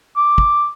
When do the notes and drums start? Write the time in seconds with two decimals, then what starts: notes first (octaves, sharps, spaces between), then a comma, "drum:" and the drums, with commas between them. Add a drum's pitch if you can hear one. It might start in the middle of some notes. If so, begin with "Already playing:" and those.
0.16 D6
0.38 drum: kick